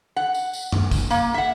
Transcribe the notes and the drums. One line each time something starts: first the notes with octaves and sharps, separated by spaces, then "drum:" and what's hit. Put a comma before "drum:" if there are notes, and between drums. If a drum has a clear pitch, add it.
F#5
drum: tambourine
drum: tambourine
drum: tom F#2
drum: kick, tambourine
A#3, drum: tambourine
E5 F#5